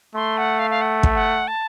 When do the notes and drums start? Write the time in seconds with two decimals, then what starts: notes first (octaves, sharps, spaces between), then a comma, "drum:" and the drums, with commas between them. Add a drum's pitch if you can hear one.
0.15 A3 C6
0.38 F#5
0.59 F5
0.70 F5
0.81 F#5
1.03 drum: kick
1.14 F#5
1.48 A5